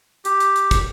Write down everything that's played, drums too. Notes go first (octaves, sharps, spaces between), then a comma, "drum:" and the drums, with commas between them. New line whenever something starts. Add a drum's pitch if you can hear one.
G4, drum: hi-hat
drum: hi-hat
drum: hi-hat
drum: kick, hi-hat